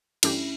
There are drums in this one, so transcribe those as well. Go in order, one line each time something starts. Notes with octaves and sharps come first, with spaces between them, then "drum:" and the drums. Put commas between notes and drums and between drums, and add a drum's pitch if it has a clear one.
G2 E3 A3 C#4 D4 E4 G4, drum: cymbal